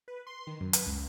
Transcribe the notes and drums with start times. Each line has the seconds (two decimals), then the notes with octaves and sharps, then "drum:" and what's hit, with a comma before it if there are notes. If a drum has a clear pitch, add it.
0.08 B4
0.27 C6
0.47 D#3
0.61 F#2
0.73 B4, drum: hi-hat
0.86 C#2